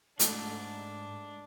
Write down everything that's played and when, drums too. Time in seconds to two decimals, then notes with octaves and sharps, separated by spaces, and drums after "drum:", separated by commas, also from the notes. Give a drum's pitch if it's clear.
0.19 G#2 A3 D4, drum: hi-hat